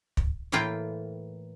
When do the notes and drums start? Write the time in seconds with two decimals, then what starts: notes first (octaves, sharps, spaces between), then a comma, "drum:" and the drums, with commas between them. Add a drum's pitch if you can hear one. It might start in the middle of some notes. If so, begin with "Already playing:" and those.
0.17 drum: kick
0.52 A2 E3 A#3 F4 G5